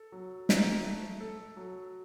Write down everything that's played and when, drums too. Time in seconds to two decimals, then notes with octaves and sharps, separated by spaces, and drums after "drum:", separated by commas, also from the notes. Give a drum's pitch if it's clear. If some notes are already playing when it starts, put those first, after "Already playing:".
Already playing: A4
0.12 F#3
0.49 D#4, drum: snare
0.84 A3
1.21 A4
1.57 F#3